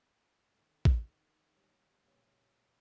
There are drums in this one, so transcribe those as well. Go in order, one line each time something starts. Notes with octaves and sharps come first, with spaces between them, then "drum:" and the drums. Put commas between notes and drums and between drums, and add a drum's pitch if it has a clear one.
D#3 A3
drum: kick
D#2 G3
G2 A#2 C#3